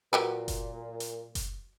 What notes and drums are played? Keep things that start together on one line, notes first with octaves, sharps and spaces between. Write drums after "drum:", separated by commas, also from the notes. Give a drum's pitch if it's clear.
A#2 F#3 G4 B4
drum: kick F#1, hi-hat
drum: hi-hat
drum: kick F#1, hi-hat